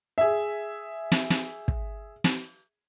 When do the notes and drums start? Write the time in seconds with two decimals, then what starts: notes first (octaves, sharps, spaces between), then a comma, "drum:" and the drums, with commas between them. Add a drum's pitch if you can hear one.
0.18 G#4 E5
1.12 drum: snare
1.30 drum: snare
1.68 drum: kick
2.24 drum: snare